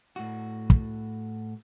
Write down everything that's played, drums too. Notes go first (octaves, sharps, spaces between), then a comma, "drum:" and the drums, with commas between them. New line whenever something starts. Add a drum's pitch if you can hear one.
A2 F#4
drum: kick